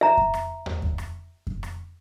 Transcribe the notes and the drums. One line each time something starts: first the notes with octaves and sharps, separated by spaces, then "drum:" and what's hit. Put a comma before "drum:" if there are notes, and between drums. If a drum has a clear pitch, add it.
E5 A#5
drum: kick F2
drum: rim click
drum: tom D#2
drum: kick F2
drum: rim click
drum: kick F2
drum: rim click